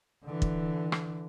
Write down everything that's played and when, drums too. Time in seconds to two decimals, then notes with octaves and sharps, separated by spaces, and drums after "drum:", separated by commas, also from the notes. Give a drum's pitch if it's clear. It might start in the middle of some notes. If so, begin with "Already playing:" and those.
0.25 D3 E3
0.42 drum: kick
0.92 drum: rim click